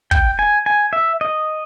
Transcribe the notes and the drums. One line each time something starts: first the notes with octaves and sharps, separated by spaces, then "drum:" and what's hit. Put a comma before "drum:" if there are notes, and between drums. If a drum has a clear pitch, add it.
G5, drum: kick
G#5
G#5
E5
D#5